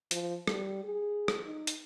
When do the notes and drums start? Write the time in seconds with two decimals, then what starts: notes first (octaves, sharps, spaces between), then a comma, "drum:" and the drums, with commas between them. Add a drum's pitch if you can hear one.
0.11 F3, drum: hi-hat
0.48 G3, drum: rim click
0.84 G#4
1.28 drum: rim click
1.45 D#4
1.67 drum: hi-hat